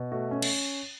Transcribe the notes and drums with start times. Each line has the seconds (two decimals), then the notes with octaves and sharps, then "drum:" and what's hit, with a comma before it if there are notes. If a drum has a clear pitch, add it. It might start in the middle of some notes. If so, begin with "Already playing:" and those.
Already playing: B2
0.12 A3 F#4
0.31 C#4
0.42 drum: cymbal